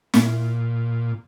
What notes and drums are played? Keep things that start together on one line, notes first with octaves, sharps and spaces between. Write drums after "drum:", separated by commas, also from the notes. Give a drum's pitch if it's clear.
A#2, drum: snare